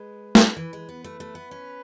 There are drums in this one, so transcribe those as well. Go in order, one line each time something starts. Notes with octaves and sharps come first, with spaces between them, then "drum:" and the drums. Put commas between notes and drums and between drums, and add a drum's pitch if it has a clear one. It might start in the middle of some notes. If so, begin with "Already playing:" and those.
Already playing: G#3 B4
drum: snare
E3 B4
G#3
B3
A3 B4
A3
B3
C#4